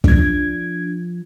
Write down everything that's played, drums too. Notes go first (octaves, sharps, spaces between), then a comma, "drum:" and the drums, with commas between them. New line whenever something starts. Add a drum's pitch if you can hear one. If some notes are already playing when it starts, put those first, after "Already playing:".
F3 D4 G#6, drum: kick